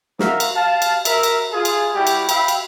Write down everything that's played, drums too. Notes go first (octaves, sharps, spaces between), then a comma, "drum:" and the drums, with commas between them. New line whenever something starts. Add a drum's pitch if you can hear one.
F#4 A#4 E5 F5, drum: snare
drum: cymbal
F5 A5
drum: cymbal
A#4 E5, drum: cymbal
drum: cymbal
F4 G#4
drum: cymbal
G3 E4 F#4 G4
drum: cymbal
E5 F5 G5 B5, drum: cymbal
drum: cymbal